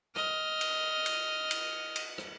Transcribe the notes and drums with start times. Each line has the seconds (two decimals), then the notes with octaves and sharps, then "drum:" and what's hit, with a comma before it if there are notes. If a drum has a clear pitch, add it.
0.16 D#5 F6, drum: rim click
0.61 drum: cymbal
1.06 drum: cymbal
1.51 drum: cymbal
1.96 drum: cymbal
2.18 drum: rim click